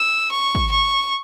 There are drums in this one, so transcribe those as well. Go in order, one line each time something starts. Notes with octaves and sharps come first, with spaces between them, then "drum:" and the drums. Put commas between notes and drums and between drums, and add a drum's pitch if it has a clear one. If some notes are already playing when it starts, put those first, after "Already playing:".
Already playing: E6
C#6
drum: kick
C#6